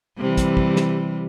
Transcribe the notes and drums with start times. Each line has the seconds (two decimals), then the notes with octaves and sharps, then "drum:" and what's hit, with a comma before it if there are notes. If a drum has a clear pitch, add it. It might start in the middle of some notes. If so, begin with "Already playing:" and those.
0.18 C3 E3 G3
0.37 drum: kick, hi-hat
0.57 drum: kick
0.76 drum: snare